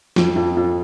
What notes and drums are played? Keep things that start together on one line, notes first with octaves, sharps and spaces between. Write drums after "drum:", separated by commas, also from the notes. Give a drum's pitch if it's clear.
F2, drum: snare
F2
F2